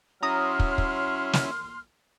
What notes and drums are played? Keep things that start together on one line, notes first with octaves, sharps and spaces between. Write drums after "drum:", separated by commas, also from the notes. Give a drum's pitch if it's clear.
F#3 C#4 E4 A#5 C6 D#6 F6
drum: kick
drum: kick
drum: snare